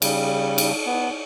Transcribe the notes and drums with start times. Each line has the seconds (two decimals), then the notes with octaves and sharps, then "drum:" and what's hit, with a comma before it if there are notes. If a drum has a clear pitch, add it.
0.02 C#3 G3, drum: cymbal
0.58 drum: cymbal
0.86 B3